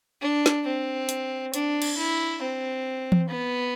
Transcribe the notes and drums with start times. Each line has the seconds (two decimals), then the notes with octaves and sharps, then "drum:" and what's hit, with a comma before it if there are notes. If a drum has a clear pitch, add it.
0.21 D4
0.46 drum: snare
0.66 C4
1.09 drum: hi-hat
1.54 D4, drum: hi-hat
1.82 drum: cymbal
1.97 E4
2.42 C4
3.12 drum: tom E3
3.29 B3